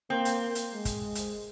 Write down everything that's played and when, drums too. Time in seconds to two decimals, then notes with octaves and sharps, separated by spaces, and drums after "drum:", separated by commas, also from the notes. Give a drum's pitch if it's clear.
0.10 A#3 C4
0.25 drum: hi-hat
0.55 drum: hi-hat
0.74 G#3
0.85 drum: kick, hi-hat
1.15 drum: hi-hat